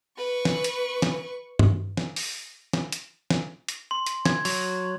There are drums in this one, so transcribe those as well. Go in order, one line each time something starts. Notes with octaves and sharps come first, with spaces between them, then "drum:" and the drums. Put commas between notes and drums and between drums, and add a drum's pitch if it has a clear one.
B4 C#6
drum: snare
drum: hi-hat
drum: snare
drum: tom G2
drum: snare
drum: open hi-hat
drum: snare
drum: hi-hat
drum: snare
drum: hi-hat
C6
drum: hi-hat
G#6, drum: snare
F#3, drum: open hi-hat